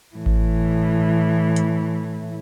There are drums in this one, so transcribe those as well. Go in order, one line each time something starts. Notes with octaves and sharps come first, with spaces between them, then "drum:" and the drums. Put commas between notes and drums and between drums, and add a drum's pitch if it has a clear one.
A2 E3
drum: kick G#1
drum: hi-hat